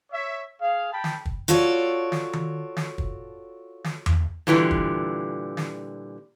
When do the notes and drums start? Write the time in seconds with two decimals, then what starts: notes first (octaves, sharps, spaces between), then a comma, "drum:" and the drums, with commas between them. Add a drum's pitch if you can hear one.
0.12 C#5 E5
0.61 G#4 F5
0.92 G5 A5 B5
1.04 drum: snare
1.25 drum: kick
1.48 F4 F#4 A4 C#5 D5
2.12 drum: snare
2.33 drum: tom D#3
2.77 drum: snare
2.98 drum: kick
3.84 drum: snare
4.06 drum: tom E2
4.47 A#2 D3 E3 G3, drum: snare
4.71 drum: kick
5.57 drum: snare